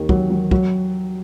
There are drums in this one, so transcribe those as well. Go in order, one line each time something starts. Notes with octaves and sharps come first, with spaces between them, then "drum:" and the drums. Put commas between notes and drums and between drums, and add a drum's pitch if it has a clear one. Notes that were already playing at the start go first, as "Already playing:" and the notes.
Already playing: D#2 D#3
F#3, drum: kick
F#3
F#3, drum: kick